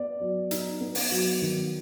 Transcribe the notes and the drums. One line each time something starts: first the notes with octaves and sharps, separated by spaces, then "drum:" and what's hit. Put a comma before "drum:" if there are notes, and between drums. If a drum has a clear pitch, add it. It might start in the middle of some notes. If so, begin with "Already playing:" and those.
Already playing: B3 D5
F#3
D#4, drum: hi-hat
B3
drum: open hi-hat
F#3
D#3